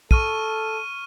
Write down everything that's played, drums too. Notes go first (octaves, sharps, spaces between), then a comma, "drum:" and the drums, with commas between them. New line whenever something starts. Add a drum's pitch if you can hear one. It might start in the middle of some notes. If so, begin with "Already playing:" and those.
A4 C#6 F6 D#7, drum: kick